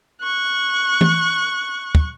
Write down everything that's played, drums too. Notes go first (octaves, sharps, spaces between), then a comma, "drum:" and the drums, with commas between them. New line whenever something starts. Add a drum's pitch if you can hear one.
C#6 F#6
drum: tom E3
drum: kick